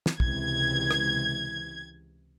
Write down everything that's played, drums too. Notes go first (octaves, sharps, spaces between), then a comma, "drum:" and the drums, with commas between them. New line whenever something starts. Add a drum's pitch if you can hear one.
drum: snare
C#2 C3 E3 G#6, drum: kick
drum: rim click